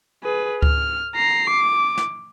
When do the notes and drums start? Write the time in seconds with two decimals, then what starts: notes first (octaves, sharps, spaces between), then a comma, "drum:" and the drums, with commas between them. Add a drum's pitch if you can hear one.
0.23 G#4 B4
0.62 F6, drum: kick C#2
1.15 A#5 C7
1.50 D6
1.98 drum: snare